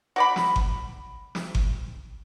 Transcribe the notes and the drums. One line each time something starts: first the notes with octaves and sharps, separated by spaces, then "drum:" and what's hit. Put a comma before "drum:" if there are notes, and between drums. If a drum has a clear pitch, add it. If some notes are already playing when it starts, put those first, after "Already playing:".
F#4 D5 B5
drum: snare
drum: kick G1
drum: snare
drum: kick G1